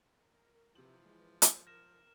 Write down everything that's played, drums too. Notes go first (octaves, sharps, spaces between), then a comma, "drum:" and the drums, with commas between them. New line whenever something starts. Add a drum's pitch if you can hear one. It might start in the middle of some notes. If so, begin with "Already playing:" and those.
A#4
C3 E3 F3 F#7
G#3
drum: hi-hat
A#4 F6 A#6 E7